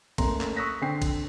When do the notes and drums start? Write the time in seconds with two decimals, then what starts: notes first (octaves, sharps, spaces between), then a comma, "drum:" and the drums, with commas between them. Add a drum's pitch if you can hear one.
0.18 F#1 A3 A#5 C6, drum: kick, cymbal
0.41 drum: clap
0.56 C#6 D#6 E6 F#6 A#6 B6
0.81 D3 C4 G5 C7
1.02 drum: kick, cymbal